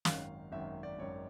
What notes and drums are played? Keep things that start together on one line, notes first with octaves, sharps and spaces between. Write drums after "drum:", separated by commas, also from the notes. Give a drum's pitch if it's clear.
G#1 F#2 D#3 F5, drum: snare
G#1 F#2 D#3 E5
D5
G#1 F#2 D#3 C#5